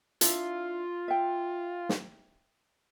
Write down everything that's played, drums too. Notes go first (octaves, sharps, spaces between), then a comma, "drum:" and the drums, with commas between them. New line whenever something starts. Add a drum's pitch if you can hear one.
D4 E4 F4 E5, drum: hi-hat
E5 G5
drum: snare